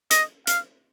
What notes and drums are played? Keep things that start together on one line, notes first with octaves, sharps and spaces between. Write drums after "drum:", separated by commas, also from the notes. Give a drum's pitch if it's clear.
D#5, drum: hi-hat
F5, drum: hi-hat